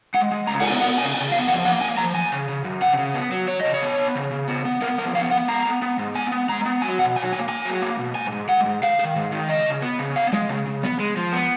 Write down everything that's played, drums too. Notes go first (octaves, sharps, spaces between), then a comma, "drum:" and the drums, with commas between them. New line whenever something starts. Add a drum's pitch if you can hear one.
G#3 F#5
G#3
C#3 A#5
F#5, drum: cymbal
B3 G#5
B3 F#5
C#3 G#5
C#3 G#5
B3 F5
F3 F#5
A#3 F#5
A#3 G#5
F3 A#5
F#2 G#5
C#3
C#3
F#2
C#3 F#5
C#3
B3
F#3
F#3 C#5
C#3 D#5
C#5
B3
B3
C#3
C#3
B3
B3
B3 A#4
F3 A#4
B3 F5
B3 F#5
G#3 A#5
B3
B3
G#2
B3 G#5
B3
G#3 A#5
B3
F#3 G#5
B2 F#5
F#3 G#5
A#3 G#5
A#3 G#5
F#3
A#3
B2
G#2 G#5
G#2
G#3 F#5
G#2
D#3 F5, drum: hi-hat
D#3, drum: hi-hat
G#2
D#3
C#3 D#5
C#3
B3
C#3
B3 F5
G#3, drum: snare
C#3
C#3
B3, drum: snare
G#3
F3
B3